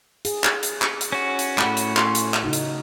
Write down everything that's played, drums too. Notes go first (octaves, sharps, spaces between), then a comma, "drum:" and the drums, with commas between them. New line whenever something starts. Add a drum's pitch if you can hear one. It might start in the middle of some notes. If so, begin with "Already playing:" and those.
G#4, drum: hi-hat
drum: clap
drum: hi-hat
drum: clap
drum: hi-hat
C#4 F#4
drum: hi-hat
A2 A3 F#5 B5, drum: clap
drum: hi-hat
C6, drum: clap
drum: hi-hat
drum: clap
C#3 D#4 F#4
drum: hi-hat